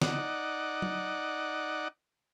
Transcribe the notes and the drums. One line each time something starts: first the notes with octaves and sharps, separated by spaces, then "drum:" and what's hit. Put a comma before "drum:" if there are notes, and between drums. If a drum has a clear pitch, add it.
D#4 D5 F#5, drum: snare
drum: tom F#3